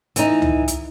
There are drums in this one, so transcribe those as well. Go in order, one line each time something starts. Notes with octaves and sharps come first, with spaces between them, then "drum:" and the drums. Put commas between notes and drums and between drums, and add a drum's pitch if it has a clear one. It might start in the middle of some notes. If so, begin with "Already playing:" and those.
E3 D#4, drum: hi-hat
drum: tom C#2
drum: hi-hat